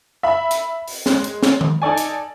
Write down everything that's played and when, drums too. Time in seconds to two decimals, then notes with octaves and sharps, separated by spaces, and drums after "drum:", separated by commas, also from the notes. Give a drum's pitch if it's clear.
0.23 E5 B5
0.51 drum: hi-hat
0.88 drum: open hi-hat
1.06 G#3, drum: snare
1.24 drum: hi-hat
1.43 drum: snare
1.61 drum: tom D#3
1.82 D#4 A4 D5 G#5
1.98 drum: hi-hat